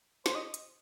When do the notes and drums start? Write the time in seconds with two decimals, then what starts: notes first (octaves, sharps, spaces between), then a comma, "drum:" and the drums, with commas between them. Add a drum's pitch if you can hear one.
0.26 C5, drum: snare
0.35 D#5
0.54 drum: hi-hat